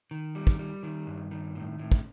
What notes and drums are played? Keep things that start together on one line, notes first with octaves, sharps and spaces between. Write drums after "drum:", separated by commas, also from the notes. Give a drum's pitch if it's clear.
D#3
G3
drum: kick
G3
D#3
G2
D#3
A2
A2
drum: kick